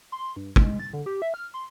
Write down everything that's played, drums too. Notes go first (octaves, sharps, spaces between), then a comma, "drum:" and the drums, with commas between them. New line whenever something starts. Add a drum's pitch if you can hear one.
C6
G2
G#3, drum: kick
A6
D3
G4
E5
F6
C6